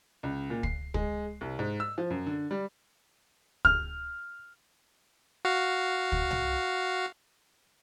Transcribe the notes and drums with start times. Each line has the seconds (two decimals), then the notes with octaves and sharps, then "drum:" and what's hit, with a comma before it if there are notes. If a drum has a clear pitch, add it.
0.23 C#2
0.50 A#2
0.63 C7, drum: kick
0.94 G#3, drum: kick
1.41 C2
1.59 G#2
1.80 E6
1.98 F3
2.10 F#2
2.26 D3
2.51 G3
3.65 F6, drum: kick
5.45 F#4 F5
6.12 drum: kick
6.31 drum: tom C2